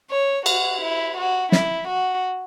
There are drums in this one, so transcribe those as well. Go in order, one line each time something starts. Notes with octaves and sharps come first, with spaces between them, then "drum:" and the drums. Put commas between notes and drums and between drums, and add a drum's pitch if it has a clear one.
C#5
F#4, drum: cymbal
E4
F#4
E4, drum: snare
F#4